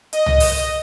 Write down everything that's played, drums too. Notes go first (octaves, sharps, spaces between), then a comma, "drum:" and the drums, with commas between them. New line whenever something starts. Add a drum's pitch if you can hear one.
D#5, drum: hi-hat
drum: tom C2
drum: open hi-hat